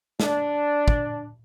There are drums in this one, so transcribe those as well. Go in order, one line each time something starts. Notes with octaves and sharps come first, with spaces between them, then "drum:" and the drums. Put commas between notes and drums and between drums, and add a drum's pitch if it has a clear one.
D4, drum: snare
drum: kick